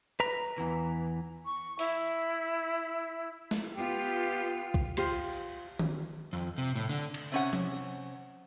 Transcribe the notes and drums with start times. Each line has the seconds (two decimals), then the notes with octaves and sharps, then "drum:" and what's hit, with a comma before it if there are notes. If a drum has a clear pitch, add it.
0.20 B4 A#5
0.58 E2 E3
1.45 C#6
1.79 E4, drum: open hi-hat
3.51 drum: snare
3.75 B3 F4 G4
4.74 drum: kick B1
4.97 F4 G4 C5, drum: cymbal
5.33 drum: tambourine
5.79 drum: tom D#3
6.33 F2
6.58 C3
6.75 A2
6.89 D3
7.14 drum: cymbal
7.32 C3 C#4 F#5
7.53 drum: tom F3